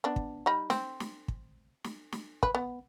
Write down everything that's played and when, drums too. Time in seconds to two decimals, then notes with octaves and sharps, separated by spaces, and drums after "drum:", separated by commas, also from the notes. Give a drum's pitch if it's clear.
0.04 B3 D4
0.16 drum: kick
0.46 G3 D#4 B5
0.70 C4, drum: snare
1.00 drum: snare
1.28 drum: kick
1.84 drum: snare
2.12 drum: snare
2.43 B4, drum: kick
2.55 B3